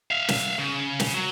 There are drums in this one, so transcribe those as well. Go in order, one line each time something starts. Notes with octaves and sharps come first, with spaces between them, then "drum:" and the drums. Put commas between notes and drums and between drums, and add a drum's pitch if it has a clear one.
E5 F5
drum: snare
C#3
drum: snare
F#3